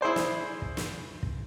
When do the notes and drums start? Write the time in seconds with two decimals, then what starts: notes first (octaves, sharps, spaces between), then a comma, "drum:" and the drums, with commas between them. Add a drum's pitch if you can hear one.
0.01 E4 G#4 C5 D5
0.16 drum: snare
0.62 drum: kick
0.77 drum: snare
1.23 drum: kick